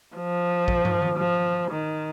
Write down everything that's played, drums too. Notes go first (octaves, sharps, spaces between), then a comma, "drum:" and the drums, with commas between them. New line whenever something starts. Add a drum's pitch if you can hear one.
F3
drum: kick
drum: tom
drum: tom D#3
F3
D#3